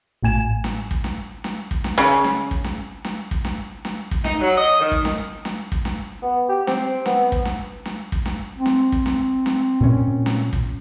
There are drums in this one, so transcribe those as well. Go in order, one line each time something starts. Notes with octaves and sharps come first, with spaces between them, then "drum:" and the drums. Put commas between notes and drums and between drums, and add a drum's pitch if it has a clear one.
A1 A2 G#5 E7
drum: snare
drum: kick
drum: snare
drum: snare
drum: kick
drum: snare
C#3
drum: snare
drum: kick
drum: snare
drum: snare
drum: kick
drum: snare
drum: snare
drum: kick
D#4, drum: snare
F#3
D#5
D#3
drum: kick
drum: snare
drum: snare
drum: kick
drum: snare
B3
G4
C4, drum: snare
B3, drum: snare
drum: kick
drum: snare
drum: snare
drum: kick
drum: snare
C4
drum: snare
drum: kick
drum: snare
drum: snare
A#2 C#4
drum: snare
drum: kick